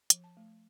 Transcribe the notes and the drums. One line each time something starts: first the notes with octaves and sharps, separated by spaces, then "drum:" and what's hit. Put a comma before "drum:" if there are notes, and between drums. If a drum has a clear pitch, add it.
F3, drum: hi-hat
A5
A3